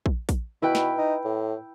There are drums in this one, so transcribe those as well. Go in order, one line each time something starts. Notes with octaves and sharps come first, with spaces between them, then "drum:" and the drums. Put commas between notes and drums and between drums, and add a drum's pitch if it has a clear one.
drum: kick
drum: kick, hi-hat
B2 E4 B4 G5
drum: snare
D#4
A2